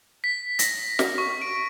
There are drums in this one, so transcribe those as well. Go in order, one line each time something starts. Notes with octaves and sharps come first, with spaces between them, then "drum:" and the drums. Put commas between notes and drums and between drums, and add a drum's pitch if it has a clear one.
B6
A#6, drum: hi-hat
drum: snare
C#6
D7